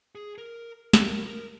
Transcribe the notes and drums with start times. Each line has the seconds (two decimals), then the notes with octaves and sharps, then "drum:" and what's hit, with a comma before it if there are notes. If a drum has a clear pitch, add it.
0.15 G#4
0.38 A#4
0.93 drum: snare
1.04 A#4
1.27 A#4